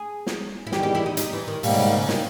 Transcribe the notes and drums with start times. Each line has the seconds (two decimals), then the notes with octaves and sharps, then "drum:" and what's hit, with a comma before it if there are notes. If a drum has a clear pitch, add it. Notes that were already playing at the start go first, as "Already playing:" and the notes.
Already playing: G#4
0.27 drum: snare
0.67 E4
0.72 E2 D#3 G3 G4, drum: snare
0.83 G4
0.95 E4
1.06 D#4
1.17 D#4, drum: hi-hat
1.33 E3
1.48 D#3
1.63 G#2 B2 G3 A#3, drum: open hi-hat
1.74 C#3
1.85 D#3
1.97 C#3
2.08 D#3, drum: snare